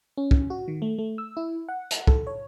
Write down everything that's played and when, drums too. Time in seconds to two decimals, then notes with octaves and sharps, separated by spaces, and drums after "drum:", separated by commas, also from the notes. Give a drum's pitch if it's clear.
0.17 C#4
0.31 drum: kick
0.50 F#4
0.68 D#3
0.82 A3
0.98 A3
1.18 E6
1.37 E4
1.69 F#5
1.91 drum: hi-hat
2.07 A4, drum: kick
2.27 C#5